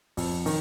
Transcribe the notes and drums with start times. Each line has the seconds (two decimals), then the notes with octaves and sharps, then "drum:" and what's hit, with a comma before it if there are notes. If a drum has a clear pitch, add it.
0.17 F2, drum: kick, open hi-hat
0.46 D#3, drum: open hi-hat